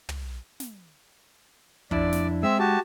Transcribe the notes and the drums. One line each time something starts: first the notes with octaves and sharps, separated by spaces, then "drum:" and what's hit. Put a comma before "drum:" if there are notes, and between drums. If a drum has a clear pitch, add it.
drum: tom
drum: snare
F2 D4 E4 D5, drum: kick
drum: snare
G#3 C4 E5 E6
F#4 G4 A5